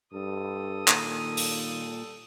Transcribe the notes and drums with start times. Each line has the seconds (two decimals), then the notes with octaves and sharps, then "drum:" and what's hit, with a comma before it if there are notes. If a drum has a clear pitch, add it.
0.13 G2 G3 A4 D#6
0.88 A#2 D#3, drum: clap
1.37 drum: open hi-hat